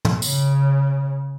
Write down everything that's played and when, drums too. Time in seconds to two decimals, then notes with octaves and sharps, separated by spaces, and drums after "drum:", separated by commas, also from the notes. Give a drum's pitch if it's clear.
0.05 drum: tom
0.22 C#3, drum: tambourine